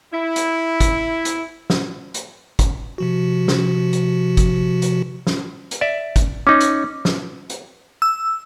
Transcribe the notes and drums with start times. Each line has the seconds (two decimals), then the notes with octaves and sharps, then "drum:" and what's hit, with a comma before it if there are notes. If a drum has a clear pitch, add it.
0.14 E4
0.36 drum: hi-hat
0.80 drum: kick, hi-hat
1.25 drum: hi-hat
1.70 drum: snare
2.14 drum: hi-hat
2.59 drum: kick, hi-hat
2.98 C3 F3 F#4
3.48 drum: snare
3.93 drum: hi-hat
4.37 drum: kick, hi-hat
4.82 drum: hi-hat
5.27 drum: snare
5.71 drum: hi-hat
5.81 D5 E5
6.16 drum: kick, hi-hat
6.47 C#4 D#4 D6
6.60 drum: hi-hat
7.05 drum: snare
7.50 drum: hi-hat
8.02 E6